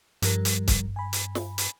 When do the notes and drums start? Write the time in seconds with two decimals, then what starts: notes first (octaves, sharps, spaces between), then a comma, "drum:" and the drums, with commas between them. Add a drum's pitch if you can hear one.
0.22 G2 F3 G3 A#4, drum: hi-hat
0.45 drum: hi-hat
0.68 drum: kick, hi-hat
0.96 G#5 B5
1.13 drum: hi-hat
1.35 drum: snare
1.58 drum: hi-hat